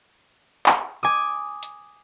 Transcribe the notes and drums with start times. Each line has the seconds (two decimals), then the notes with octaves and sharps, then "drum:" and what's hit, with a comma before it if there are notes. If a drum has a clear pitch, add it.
0.66 drum: clap
1.03 G#5 D6 D#6
1.63 drum: hi-hat